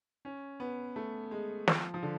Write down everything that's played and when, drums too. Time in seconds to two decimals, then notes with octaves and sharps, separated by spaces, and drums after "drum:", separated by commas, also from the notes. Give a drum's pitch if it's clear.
0.25 C#4
0.60 B3
0.96 A3
1.31 G#3
1.68 F3, drum: snare
1.94 F3
2.03 D3